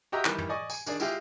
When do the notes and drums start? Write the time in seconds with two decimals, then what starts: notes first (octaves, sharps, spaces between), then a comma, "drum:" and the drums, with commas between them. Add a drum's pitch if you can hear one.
0.12 F#4 G4 D#5 E5 A#5
0.25 D#3 E3 G3, drum: clap
0.38 drum: tom
0.49 D5 D#5 G#5 C#6
0.70 G#5, drum: tambourine
0.86 D#3 D4 G#4 D5, drum: tambourine
1.00 G#3 E4 F4 G4 G#4 F5, drum: tambourine